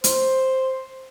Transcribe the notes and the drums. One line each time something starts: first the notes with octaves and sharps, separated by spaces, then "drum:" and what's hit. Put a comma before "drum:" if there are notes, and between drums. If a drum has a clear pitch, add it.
C5, drum: hi-hat